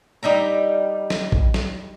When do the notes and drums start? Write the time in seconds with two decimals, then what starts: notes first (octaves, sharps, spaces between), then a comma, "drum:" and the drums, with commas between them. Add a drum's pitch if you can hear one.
0.23 G3 D#4 E5 A#5
1.10 drum: snare
1.32 drum: kick A1
1.54 drum: snare